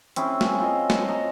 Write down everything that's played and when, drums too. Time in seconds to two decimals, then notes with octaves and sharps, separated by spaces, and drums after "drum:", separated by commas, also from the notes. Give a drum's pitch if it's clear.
0.16 C4 C#4 E4 G#4, drum: hi-hat
0.41 drum: snare
0.60 F4 A4 D#5 F5
0.90 drum: snare
1.08 D#5 A5 A#5